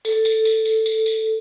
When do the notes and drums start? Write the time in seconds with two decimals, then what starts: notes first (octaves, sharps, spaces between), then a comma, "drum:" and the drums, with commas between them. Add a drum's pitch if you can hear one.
0.05 A4, drum: tambourine
0.25 drum: tambourine
0.45 drum: tambourine
0.66 drum: tambourine
0.86 drum: tambourine
1.06 drum: tambourine